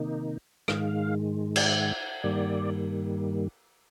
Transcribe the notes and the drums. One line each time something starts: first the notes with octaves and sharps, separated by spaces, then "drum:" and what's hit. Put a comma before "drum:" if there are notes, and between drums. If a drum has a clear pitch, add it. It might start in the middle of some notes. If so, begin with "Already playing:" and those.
Already playing: C3 D#3 A#3 D#4
G#2 D#3 G#3 F5, drum: rim click
drum: cymbal
G2 D#3 G3 A#3 D5